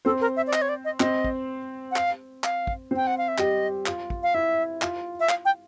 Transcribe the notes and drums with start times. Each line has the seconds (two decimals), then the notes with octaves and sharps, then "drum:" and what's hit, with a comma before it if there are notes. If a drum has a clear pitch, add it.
0.05 C4 A4 C5
0.21 A#4
0.37 E5
0.47 D5
0.53 D#5, drum: clap
0.62 C#5
0.69 D5
0.85 D#5
1.00 C4 C5 D#5, drum: clap
1.24 drum: kick
1.91 F#5
1.96 F5, drum: clap
2.44 F5, drum: clap
2.67 drum: kick
2.91 C4 C5
2.96 G5
3.07 F#5
3.18 F5
3.28 E5
3.38 G3 G4 D#5, drum: clap
3.86 F4, drum: clap
4.10 drum: kick
4.23 F5
4.34 E4 E5
4.82 F4, drum: clap
5.20 E5
5.29 F5, drum: clap
5.45 G5